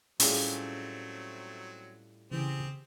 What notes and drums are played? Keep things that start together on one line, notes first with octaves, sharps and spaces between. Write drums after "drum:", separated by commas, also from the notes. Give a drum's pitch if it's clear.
A2 F#3 G3 A3 C4 C#4 F4 G#4, drum: open hi-hat
C#3 E3 C4 G4 G#4